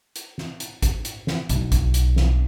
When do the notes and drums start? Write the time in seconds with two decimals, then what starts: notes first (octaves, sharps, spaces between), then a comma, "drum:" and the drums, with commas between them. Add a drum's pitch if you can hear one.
0.16 drum: hi-hat
0.38 drum: snare
0.60 drum: hi-hat
0.83 drum: kick G#1, hi-hat
1.05 drum: hi-hat
1.27 drum: snare
1.49 B1, drum: hi-hat
1.72 drum: kick G#1, hi-hat
1.94 drum: hi-hat
2.16 drum: snare